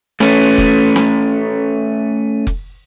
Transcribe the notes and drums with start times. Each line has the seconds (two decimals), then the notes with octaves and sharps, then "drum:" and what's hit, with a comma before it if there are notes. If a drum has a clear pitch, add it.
0.20 A3 C#4, drum: snare
0.58 drum: kick F1
0.96 drum: snare
2.47 drum: kick F1